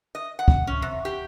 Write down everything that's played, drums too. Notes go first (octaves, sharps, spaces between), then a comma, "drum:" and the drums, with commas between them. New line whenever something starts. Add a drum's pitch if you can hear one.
D#5
F#5
drum: kick
C#4
C3
G4